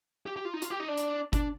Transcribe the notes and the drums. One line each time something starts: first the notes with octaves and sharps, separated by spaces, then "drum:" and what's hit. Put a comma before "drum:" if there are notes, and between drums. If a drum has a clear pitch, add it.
G4
G4
F4
D#4
F4, drum: hi-hat
G4
D#4
D4
drum: hi-hat
D4, drum: kick G1, hi-hat